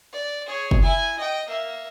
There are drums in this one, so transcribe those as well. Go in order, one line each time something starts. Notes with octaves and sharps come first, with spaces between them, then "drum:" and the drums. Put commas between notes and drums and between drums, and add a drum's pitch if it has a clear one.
D5
G#4 C#5
drum: kick
E4 G#5
D#5 G5
A#3 E5